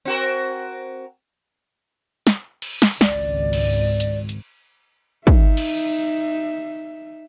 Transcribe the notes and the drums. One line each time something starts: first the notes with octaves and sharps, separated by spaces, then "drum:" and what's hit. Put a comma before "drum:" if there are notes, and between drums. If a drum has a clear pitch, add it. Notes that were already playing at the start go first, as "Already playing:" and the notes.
C4 F#4 A#4
drum: snare
drum: cymbal
drum: snare
G#1 C#2 D5, drum: snare
drum: cymbal
drum: hi-hat
drum: hi-hat
D#4 E5, drum: kick
drum: cymbal